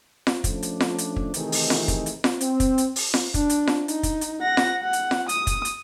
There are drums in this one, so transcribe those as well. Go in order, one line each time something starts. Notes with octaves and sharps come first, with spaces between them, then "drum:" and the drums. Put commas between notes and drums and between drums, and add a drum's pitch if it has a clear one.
drum: snare F4
F3 A3 C#4 D4, drum: kick, hi-hat
drum: hi-hat
drum: snare F4
drum: hi-hat
drum: kick
C3 D#3 E3 A3 D#4 G#4, drum: hi-hat
drum: open hi-hat
drum: snare F4
drum: kick, hi-hat
drum: hi-hat
drum: snare F4
C4, drum: hi-hat
drum: kick, hi-hat
drum: hi-hat
drum: open hi-hat
drum: snare F4
D4, drum: kick, hi-hat
drum: hi-hat
drum: snare F4
D#4, drum: hi-hat
drum: kick, hi-hat
drum: hi-hat
F#5 A#6
drum: snare F4
F#5
drum: hi-hat
drum: snare F4
D#6, drum: hi-hat
drum: kick, hi-hat
drum: hi-hat